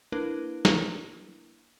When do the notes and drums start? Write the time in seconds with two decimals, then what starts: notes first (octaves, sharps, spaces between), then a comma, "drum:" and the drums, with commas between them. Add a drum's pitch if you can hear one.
0.12 A#3 D4 E4 A#4 B4
0.65 drum: snare